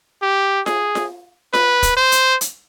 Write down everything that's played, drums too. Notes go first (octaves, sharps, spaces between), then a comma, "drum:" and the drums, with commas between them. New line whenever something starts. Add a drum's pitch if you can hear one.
G4
G#4, drum: snare F4
drum: snare F4
B4, drum: snare F4
drum: kick, hi-hat
C5
drum: hi-hat
drum: hi-hat